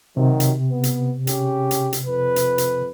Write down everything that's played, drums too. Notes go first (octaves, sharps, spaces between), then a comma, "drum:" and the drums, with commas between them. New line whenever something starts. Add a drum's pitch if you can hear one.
C3 D#3 F#3
drum: hi-hat
B3
drum: hi-hat
C#3 C#4 G4, drum: hi-hat
drum: hi-hat
drum: hi-hat
F2 B4
drum: hi-hat
drum: hi-hat